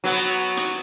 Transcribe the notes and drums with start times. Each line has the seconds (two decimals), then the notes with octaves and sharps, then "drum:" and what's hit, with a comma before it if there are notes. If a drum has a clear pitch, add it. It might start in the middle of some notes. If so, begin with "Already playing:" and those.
0.04 F#3 B3
0.57 drum: hi-hat